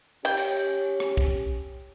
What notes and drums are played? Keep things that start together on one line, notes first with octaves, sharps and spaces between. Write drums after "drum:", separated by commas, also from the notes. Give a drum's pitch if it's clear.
C#4 G4 G5
drum: cymbal
drum: rim click
drum: kick